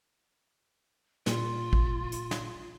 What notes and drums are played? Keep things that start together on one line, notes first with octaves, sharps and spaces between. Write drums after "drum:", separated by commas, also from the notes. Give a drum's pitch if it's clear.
A#2 F4, drum: snare
drum: kick
drum: hi-hat
drum: snare